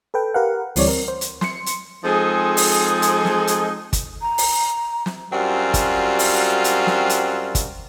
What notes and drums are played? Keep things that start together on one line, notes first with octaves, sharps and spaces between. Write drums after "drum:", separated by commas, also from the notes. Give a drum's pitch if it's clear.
A4 B4 G5
G4 A#4 B4 F5 F#5
D2 E3 G3 C4 C#5 D5, drum: open hi-hat
C4 A#4
C5
drum: hi-hat
C6 C#7, drum: snare
drum: hi-hat
F3 G#3 C4 D#4 G#4 A4
drum: open hi-hat
drum: hi-hat
drum: snare
drum: hi-hat
drum: kick, hi-hat
A#5
drum: open hi-hat
drum: snare
F#2 G3 C4 F4 F#4
drum: kick, hi-hat
drum: open hi-hat
drum: hi-hat
drum: snare
drum: hi-hat
drum: kick, hi-hat